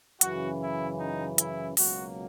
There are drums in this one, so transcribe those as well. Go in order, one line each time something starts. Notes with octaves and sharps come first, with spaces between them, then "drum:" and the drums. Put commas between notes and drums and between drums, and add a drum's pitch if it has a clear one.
F#2 C#3 E3 F#4, drum: hi-hat
E4
D#4
E4, drum: hi-hat
C#2 B2 F#3 A#3 F#4, drum: open hi-hat